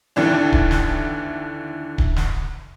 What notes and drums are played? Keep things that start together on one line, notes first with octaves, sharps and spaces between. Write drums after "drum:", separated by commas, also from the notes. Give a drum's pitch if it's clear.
D#2 D3 E3 D4
drum: kick D1
drum: snare
drum: kick D1
drum: snare